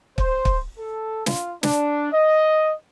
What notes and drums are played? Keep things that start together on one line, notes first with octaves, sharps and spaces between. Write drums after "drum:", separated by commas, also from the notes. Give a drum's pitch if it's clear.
C5, drum: kick
drum: kick
A4
F4, drum: snare
D4, drum: snare
D#5